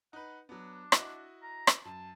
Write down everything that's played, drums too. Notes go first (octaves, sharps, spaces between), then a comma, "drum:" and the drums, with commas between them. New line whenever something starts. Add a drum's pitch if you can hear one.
D#4 B4 F#5
F#3 B3 D4
E4 F#4 D#5, drum: rim click
A#5
drum: rim click
F#2 A5